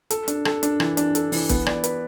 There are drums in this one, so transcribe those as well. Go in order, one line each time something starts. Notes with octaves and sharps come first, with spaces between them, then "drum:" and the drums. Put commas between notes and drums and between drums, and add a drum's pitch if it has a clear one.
A4, drum: hi-hat
D4, drum: hi-hat
A4, drum: rim click
D4, drum: hi-hat
E3, drum: rim click
D4, drum: hi-hat
A4, drum: hi-hat
E3, drum: open hi-hat
B3, drum: kick, hi-hat
D5, drum: rim click
B4, drum: hi-hat